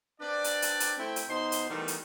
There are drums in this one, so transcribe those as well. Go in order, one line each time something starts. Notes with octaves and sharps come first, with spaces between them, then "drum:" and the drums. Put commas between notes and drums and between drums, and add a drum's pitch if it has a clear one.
C4 D4 B4 D5
drum: hi-hat
drum: hi-hat
drum: hi-hat
A3 C4 E4 G5
drum: hi-hat
B2 D#4 C5 C6
drum: hi-hat
D#3 E3 G3 A3 B3 D#4
drum: hi-hat